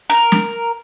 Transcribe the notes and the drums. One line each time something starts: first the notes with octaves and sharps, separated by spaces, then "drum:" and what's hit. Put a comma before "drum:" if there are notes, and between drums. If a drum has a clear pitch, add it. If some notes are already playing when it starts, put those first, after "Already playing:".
A#4
drum: snare